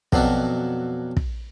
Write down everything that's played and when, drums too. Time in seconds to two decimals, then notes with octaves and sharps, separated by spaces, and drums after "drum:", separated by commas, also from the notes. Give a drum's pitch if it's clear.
0.12 F2 B2 F#3 D4, drum: kick
1.17 drum: kick